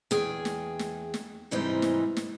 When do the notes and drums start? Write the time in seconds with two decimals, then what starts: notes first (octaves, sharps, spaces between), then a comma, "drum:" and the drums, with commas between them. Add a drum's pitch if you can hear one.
0.11 E2 G#4 G5, drum: snare
0.45 drum: snare
0.79 drum: snare
1.14 drum: snare
1.51 G#2 C3 E3 G3 C4 D#4
1.82 drum: snare
2.17 drum: snare